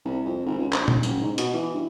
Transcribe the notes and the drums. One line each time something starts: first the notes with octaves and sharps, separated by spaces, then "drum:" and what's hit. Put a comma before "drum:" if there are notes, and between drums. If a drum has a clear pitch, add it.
C2
F2
G#1
C#2
A#1, drum: clap
F1, drum: tom A#2
F#1, drum: tambourine
G#2
B2, drum: hi-hat
E3
G2